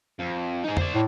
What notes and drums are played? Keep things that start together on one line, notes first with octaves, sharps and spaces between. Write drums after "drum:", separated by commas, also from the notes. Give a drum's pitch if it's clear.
F2
D#4 G#4
C5 D5, drum: tom F2
A2